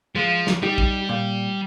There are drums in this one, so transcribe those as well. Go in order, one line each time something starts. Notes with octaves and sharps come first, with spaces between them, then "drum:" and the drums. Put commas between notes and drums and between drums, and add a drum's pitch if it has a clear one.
F3 G#3
drum: snare
G3 D#4 G4
drum: kick
A#2